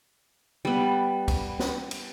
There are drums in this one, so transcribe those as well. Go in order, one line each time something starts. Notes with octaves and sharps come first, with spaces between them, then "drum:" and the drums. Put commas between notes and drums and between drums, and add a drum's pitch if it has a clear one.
G3 B3
drum: kick, cymbal
drum: snare
drum: cymbal